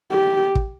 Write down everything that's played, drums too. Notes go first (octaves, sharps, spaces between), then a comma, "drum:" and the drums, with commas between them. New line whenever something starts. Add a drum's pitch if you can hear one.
G4
drum: kick